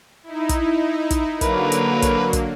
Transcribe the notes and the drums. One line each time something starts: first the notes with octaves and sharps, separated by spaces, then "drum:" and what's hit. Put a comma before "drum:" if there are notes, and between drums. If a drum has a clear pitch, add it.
D#4 E4
drum: kick, hi-hat
drum: kick, hi-hat
D3 F#3 A#3 A#4 B4, drum: kick, hi-hat
drum: hi-hat
drum: kick, hi-hat
drum: kick, hi-hat